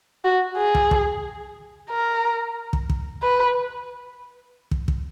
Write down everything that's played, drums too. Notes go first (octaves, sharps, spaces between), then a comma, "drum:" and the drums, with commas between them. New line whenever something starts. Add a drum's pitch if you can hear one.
F#4
G#4
drum: kick
drum: kick
A#4
drum: kick
drum: kick
B4
drum: kick
drum: kick